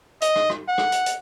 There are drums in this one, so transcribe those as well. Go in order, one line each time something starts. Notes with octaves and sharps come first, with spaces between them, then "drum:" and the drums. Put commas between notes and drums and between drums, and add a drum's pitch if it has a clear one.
D#5, drum: hi-hat
drum: rim click
drum: rim click
F#5
drum: rim click
drum: hi-hat
drum: hi-hat